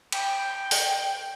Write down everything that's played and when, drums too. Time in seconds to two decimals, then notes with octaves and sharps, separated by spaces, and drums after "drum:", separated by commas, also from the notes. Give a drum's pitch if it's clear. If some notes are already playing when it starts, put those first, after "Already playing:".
0.12 G5, drum: cymbal
0.71 drum: open hi-hat